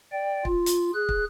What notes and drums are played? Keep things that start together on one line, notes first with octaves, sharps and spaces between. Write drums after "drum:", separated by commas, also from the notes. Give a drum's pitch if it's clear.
D5 G5
F4, drum: kick
drum: hi-hat
G#4 F#6
drum: kick